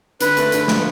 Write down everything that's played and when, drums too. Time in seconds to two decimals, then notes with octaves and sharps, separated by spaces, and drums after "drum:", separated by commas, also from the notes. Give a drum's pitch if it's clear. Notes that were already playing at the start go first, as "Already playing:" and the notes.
0.20 D3 B4, drum: hi-hat
0.37 A3, drum: hi-hat
0.52 D3, drum: hi-hat
0.68 F3, drum: snare